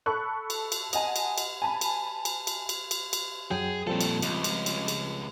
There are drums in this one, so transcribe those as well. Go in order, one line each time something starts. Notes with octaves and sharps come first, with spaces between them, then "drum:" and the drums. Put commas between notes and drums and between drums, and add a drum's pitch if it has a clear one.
A4 B5 C#6 F#6
drum: cymbal
drum: cymbal
D#5 F#5 G#5 A5, drum: cymbal
drum: cymbal
drum: cymbal
G#5 A5 B5
drum: cymbal
drum: cymbal
drum: cymbal
drum: cymbal
drum: cymbal
drum: cymbal
F#2 F#3 G#4 G5
A#2 F3 G3 C4 A4
drum: cymbal
C#2, drum: cymbal
drum: cymbal
drum: cymbal
drum: cymbal